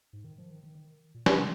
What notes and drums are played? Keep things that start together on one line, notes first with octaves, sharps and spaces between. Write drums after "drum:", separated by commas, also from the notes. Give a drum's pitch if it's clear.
G#2
D#3
F3
D#3
D#3
D#3
A#2
C3, drum: snare